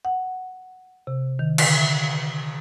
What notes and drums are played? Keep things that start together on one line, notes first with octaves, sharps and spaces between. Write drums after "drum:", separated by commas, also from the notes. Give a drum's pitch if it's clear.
F#5
C3
D#3
D3, drum: cymbal
E5